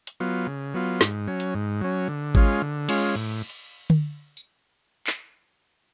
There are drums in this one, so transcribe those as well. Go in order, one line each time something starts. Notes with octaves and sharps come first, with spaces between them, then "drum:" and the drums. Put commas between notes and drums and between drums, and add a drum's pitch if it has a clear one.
drum: hi-hat
F#3 B3 F4
C#3
F#3 B3 F4
G#2, drum: snare
F#3 C#4
drum: hi-hat
G#2
F#3 C#4
D3
G#3 C#4 F4, drum: kick G#1
D3
G#3 C#4 F4, drum: cymbal
A2
drum: hi-hat
drum: tom D3
drum: tambourine
drum: clap